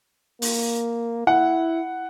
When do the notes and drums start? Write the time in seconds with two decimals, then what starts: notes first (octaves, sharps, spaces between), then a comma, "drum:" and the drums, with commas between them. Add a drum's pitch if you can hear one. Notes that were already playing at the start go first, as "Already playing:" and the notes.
0.42 A#3, drum: open hi-hat
1.27 E4 F#5